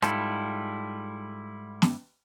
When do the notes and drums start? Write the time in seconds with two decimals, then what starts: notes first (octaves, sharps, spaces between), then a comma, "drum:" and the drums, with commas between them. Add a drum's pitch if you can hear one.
0.02 G#2 G3 E4 F4 A4, drum: rim click
1.82 drum: snare